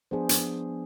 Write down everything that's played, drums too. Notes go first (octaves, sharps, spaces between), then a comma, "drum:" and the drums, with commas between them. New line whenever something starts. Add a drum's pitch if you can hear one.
F3 B3 D4 G#4 C5
drum: hi-hat